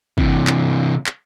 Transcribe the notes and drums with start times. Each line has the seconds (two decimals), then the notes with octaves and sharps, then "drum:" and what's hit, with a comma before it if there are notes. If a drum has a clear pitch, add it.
0.18 C3 E3, drum: kick
0.47 drum: clap
1.06 drum: clap